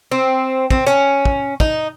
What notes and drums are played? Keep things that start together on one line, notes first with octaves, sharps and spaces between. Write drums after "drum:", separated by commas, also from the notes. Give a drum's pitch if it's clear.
C4
C4, drum: kick
C#4, drum: hi-hat
drum: kick
D#4, drum: kick